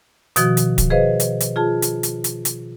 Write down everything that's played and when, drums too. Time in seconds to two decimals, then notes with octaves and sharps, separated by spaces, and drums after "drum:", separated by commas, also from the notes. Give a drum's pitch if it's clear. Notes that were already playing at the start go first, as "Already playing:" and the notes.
0.36 B2 D#3 F3 F#4, drum: hi-hat
0.57 drum: hi-hat
0.78 drum: kick D1, hi-hat
0.90 G#4 B4 C5 D#5 F5
1.20 drum: hi-hat
1.40 drum: hi-hat
1.56 F4 G#4 A5
1.82 drum: hi-hat
2.03 drum: hi-hat
2.24 drum: hi-hat
2.45 drum: hi-hat